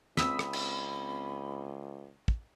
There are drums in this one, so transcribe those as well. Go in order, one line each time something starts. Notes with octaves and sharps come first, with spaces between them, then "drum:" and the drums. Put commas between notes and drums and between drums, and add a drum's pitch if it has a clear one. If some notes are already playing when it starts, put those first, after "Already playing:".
C#2 C4 B5 D#6 E6 B6, drum: snare
drum: rim click
drum: cymbal
drum: kick